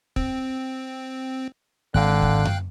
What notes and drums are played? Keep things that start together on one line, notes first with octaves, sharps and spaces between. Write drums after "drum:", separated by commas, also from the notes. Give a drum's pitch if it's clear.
C4, drum: kick
G#1 D3 F5 G5 F#6
drum: kick
drum: tom F#2